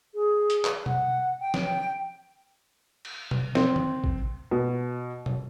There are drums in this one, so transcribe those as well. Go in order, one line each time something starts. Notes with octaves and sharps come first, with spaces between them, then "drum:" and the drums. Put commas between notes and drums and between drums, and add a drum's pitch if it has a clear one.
G#4
drum: hi-hat
drum: clap
F#5, drum: tom
G5
drum: snare
drum: cymbal
drum: tom
C4, drum: snare
drum: tom D#3
drum: kick A1
B2
drum: tom